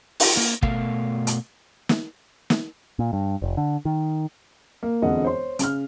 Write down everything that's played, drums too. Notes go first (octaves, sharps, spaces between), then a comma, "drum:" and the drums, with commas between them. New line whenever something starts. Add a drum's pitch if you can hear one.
drum: open hi-hat
A#3
B2 A3 A4 A#4 F5, drum: kick
drum: hi-hat
drum: snare
drum: snare
A#2
G2
F1
D3
D#3
A#3
E1 F2 D3 G#4 D#5 F#5
C5 C#5 C6
C#3 F6, drum: hi-hat